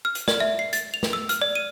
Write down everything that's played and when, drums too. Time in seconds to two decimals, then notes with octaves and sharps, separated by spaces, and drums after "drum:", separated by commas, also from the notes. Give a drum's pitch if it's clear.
0.05 F6
0.15 drum: hi-hat
0.28 D5, drum: snare
0.40 E5
0.59 C7
0.73 A6, drum: hi-hat
0.94 F7
1.03 drum: snare
1.13 E6
1.29 F6, drum: hi-hat
1.42 D5
1.55 D#7